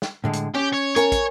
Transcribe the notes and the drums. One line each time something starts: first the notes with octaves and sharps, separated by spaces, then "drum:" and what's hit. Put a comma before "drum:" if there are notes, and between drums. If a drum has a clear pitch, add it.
drum: snare
A2 D3 G#3
drum: hi-hat
C#4 G4
C#5
A#4 C#5 G#5 A5, drum: hi-hat
drum: kick, hi-hat